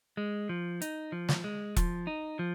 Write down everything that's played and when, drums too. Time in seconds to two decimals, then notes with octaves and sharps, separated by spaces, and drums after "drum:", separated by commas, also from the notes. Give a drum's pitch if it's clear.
0.17 G#3
0.49 F3
0.82 D#4, drum: hi-hat
1.12 F3
1.29 drum: snare
1.44 G#3
1.76 F3, drum: kick E1, hi-hat
2.07 D#4
2.39 F3